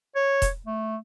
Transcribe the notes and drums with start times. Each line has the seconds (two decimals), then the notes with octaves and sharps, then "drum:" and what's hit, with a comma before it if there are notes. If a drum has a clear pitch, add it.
0.16 C#5
0.42 drum: kick E1, hi-hat
0.66 A3